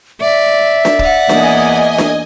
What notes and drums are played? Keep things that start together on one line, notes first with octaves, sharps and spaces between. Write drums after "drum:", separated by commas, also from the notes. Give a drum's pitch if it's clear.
D5 E5
drum: snare D4
D5 F#5, drum: kick
E2 A#3 D#5 G#5, drum: snare D4
drum: snare D4